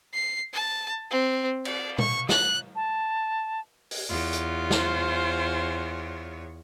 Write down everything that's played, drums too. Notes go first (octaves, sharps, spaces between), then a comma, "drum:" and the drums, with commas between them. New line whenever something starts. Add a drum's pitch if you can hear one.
C7
A5
C4
D5, drum: cymbal
C#6, drum: tom A#2
F#6, drum: snare
A5
drum: open hi-hat
E2 F4 C#5
drum: hi-hat
C5 G#5, drum: snare